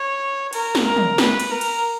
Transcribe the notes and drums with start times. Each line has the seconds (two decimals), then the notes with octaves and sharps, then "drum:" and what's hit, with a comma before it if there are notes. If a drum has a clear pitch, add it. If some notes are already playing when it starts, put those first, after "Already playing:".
Already playing: C#5
0.53 A#4, drum: cymbal
0.75 drum: snare
0.86 A#4
0.96 drum: tom
1.18 B4, drum: snare
1.40 drum: cymbal
1.51 A#4
1.61 drum: cymbal